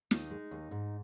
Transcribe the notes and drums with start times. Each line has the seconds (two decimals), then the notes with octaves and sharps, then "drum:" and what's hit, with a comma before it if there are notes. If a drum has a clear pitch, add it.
0.11 D#2 D#4, drum: snare
0.31 G#3
0.51 D#2
0.71 G#2